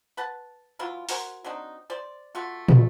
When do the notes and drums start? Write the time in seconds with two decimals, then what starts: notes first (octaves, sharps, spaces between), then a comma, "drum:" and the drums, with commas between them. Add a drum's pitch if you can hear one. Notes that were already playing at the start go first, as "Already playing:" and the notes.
0.17 B4 F#5 A5
0.79 E3 F#3 E4 F4
1.09 F#4 A#4 C5 G#5, drum: open hi-hat
1.44 F#3 C4 D4 D#4
1.90 C5 D5
2.35 A3 F4 F#4
2.69 drum: tom